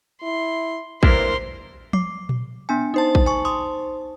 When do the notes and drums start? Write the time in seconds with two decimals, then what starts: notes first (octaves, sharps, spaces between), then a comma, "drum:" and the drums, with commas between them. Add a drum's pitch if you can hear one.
0.23 E4 C6
1.03 G2 A#3 D4 E4 A#4 C5 C6, drum: kick
1.93 D6 C7, drum: tom F3
2.29 drum: tom A#2
2.69 B3 D4 G#5
2.94 D#4 C5 A5
3.15 drum: kick
3.26 G#5 C#6
3.45 C6 D#6